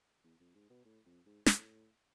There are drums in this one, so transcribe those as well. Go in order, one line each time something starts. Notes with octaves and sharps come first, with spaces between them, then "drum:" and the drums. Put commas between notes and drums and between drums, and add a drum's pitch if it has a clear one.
E2
F2
G#2
B2
A2
F2
G#2
A2, drum: snare